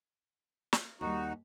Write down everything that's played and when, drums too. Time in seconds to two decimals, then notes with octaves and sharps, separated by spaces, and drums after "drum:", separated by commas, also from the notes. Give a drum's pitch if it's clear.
0.73 drum: snare
1.01 D#2 G3 D#4 F#4